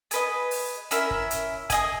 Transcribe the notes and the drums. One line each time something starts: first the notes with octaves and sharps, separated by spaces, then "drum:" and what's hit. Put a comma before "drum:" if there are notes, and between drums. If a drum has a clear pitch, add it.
G#4 B4 D#5, drum: hi-hat
drum: open hi-hat
C#4 E4 A#4 E5, drum: hi-hat
drum: kick
drum: hi-hat
G#4 D#5 G#5, drum: kick, hi-hat